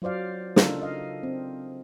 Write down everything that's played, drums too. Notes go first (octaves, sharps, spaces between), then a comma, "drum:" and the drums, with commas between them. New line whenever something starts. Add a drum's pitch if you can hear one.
F#3 F4 C5 D5 F5
C#3 D4 D#4 F4 A4 A#4, drum: snare
D#5 F5
C4